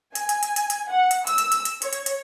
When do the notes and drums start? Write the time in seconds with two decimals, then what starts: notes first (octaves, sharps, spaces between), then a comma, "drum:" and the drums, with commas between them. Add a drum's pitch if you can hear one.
0.15 G#5, drum: hi-hat
0.29 drum: hi-hat
0.43 drum: hi-hat
0.56 drum: hi-hat
0.70 drum: hi-hat
0.90 F#5
1.11 drum: hi-hat
1.27 E6, drum: hi-hat
1.38 drum: hi-hat
1.52 drum: hi-hat
1.65 drum: hi-hat
1.82 C#5, drum: hi-hat
1.93 drum: hi-hat
2.06 drum: hi-hat